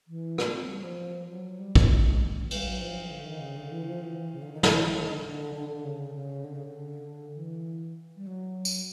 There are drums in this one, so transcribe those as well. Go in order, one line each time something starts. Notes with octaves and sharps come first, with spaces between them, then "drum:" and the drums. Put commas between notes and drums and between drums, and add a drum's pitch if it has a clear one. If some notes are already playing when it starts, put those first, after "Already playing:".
E3
A#3, drum: rim click
C4
G3
F3
F#3
G3
G#3, drum: kick A#1
G3, drum: cymbal
F#3
F3
D3
D#3
C#3
D3
E3
F3
E3
C#3
D3
D#3
E3, drum: snare
D#3
D3
D3
D3
D3
C#3
C#3
D3
C#3
D3
E3
G3
F#3
drum: tambourine